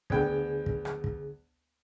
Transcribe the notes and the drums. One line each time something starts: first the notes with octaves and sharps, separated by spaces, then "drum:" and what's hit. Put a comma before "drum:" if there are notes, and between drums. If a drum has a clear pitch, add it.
D2 D3 B3 G#4 G5 G#6, drum: kick
drum: kick
drum: rim click
drum: kick